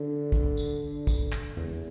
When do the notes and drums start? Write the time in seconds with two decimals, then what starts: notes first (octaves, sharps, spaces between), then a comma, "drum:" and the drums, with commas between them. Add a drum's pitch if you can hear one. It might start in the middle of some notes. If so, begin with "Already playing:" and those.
Already playing: D3
0.32 drum: kick
0.57 drum: tambourine
1.07 drum: kick, tambourine
1.32 drum: clap
1.57 E2, drum: tom E2